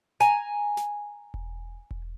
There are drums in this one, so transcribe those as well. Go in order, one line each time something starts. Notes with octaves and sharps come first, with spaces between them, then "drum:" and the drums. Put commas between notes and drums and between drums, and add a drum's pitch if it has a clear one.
G#5 A#5, drum: snare
drum: snare
drum: kick E1
drum: kick E1